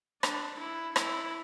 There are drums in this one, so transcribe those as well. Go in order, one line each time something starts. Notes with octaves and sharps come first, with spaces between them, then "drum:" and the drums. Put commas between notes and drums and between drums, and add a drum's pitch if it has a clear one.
D4, drum: rim click
E4
E4, drum: rim click